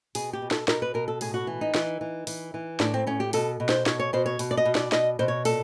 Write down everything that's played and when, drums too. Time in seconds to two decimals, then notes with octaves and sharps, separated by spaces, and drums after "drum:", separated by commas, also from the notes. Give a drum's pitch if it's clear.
0.15 B2 G#4, drum: open hi-hat
0.33 G4
0.42 B2
0.51 A4, drum: snare
0.68 B2 A#4, drum: snare
0.82 B4
0.94 B2 A#4
1.08 A4
1.21 A2 G#4, drum: open hi-hat
1.34 F#4
1.47 E3
1.61 D#4
1.75 E3, drum: snare
2.01 E3
2.27 E3, drum: open hi-hat
2.54 E3
2.80 A2 D4, drum: snare
2.94 C4
3.07 A2 C#4
3.20 G4
3.33 B2 A4, drum: open hi-hat
3.60 B2
3.69 C5, drum: snare
3.86 B2 C#5, drum: snare
4.00 C#5
4.13 B2 C5
4.26 C#5
4.39 B2, drum: open hi-hat
4.51 D5
4.57 D#5
4.65 B2
4.75 D5, drum: snare
4.92 B2 D#5, drum: snare
5.19 B2 C5
5.28 C#5
5.45 A#2 A4, drum: open hi-hat